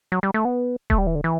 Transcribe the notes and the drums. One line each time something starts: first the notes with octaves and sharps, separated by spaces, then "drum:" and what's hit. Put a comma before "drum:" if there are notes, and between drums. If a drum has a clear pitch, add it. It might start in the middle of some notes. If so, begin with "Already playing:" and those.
F#3
G3
A3
B3
A3, drum: kick D#1
G3
E3
D3
E3